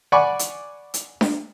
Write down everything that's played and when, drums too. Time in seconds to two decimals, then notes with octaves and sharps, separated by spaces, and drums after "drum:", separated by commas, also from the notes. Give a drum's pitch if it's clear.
0.12 D5 F#5 G#5 B5 C#6 D6
0.39 drum: hi-hat
0.94 drum: hi-hat
1.21 drum: snare D4